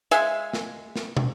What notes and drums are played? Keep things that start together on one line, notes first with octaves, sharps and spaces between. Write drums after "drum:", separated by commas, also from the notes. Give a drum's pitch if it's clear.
G#3 E5 F5 G#5, drum: hi-hat
drum: snare
drum: snare
drum: tom